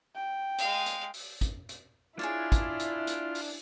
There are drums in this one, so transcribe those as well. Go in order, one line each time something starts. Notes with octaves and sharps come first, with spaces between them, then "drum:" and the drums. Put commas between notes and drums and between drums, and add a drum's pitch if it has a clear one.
G5
G#3 F5, drum: hi-hat
drum: hi-hat
drum: open hi-hat
drum: kick, hi-hat
drum: hi-hat
D4 E4 F4 G#4 C#5 D5
drum: kick, hi-hat
drum: hi-hat
drum: hi-hat
drum: open hi-hat